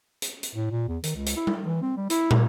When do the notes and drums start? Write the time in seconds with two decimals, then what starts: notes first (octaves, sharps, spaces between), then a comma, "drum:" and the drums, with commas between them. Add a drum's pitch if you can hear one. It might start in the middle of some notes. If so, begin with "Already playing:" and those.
0.22 drum: hi-hat
0.43 drum: hi-hat
0.55 A2
0.71 A#2
0.88 E2
1.04 D#3, drum: hi-hat
1.16 C#2
1.26 drum: hi-hat
1.36 E4
1.47 drum: tom G3
1.65 E3
1.82 C4
1.97 G3
2.10 E4, drum: hi-hat
2.31 drum: tom